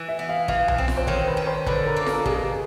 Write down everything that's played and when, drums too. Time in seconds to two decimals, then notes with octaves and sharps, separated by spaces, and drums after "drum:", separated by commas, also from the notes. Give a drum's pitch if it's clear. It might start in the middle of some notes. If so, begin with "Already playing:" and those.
Already playing: E3
0.08 E5
0.19 B3
0.29 F5
0.48 E3 F5, drum: kick
0.68 drum: tom B1
0.78 C4
0.88 drum: snare F4
0.97 C5
1.07 D#3 C#5, drum: kick
1.28 B4
1.37 C#4
1.47 C5
1.66 D3 B4, drum: kick
1.86 A#4
1.96 A#3
2.06 A4, drum: snare F4
2.26 B2 G#4, drum: kick